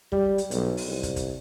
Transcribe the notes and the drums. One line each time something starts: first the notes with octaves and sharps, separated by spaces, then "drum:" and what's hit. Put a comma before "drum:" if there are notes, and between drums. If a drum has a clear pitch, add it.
G3, drum: kick
drum: hi-hat
B1, drum: hi-hat
drum: open hi-hat
C2
drum: kick, hi-hat
drum: kick, hi-hat